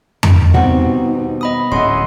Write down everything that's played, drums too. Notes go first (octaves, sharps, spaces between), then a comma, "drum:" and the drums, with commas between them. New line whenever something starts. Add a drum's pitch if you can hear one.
D#3, drum: tom F2
D#2 B2 G3 B3 C4 D#4 F#4
D#5 B5 D#6
D1 F#3 A#3 C#4 D#5 E5 F#5 C6